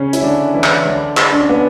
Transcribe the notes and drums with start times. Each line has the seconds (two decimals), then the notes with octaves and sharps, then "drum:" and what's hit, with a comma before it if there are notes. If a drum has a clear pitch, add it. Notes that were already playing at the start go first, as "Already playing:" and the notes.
Already playing: C#3 C#4
0.13 E4, drum: hi-hat
0.23 D3 D4
0.54 E3 E4
0.64 drum: clap
0.85 D3 D4
1.17 drum: clap
1.32 D4
1.40 C#4
1.49 B3